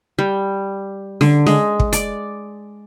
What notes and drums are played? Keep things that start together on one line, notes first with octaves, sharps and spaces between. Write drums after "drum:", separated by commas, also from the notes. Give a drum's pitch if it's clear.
G3
D3, drum: snare C#4
G#3, drum: snare C#4
drum: kick
D5, drum: hi-hat